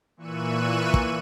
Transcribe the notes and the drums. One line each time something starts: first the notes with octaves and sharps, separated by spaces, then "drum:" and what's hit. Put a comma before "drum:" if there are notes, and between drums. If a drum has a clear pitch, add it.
A#2 E3 C#6 E6 F#6 D#7
drum: kick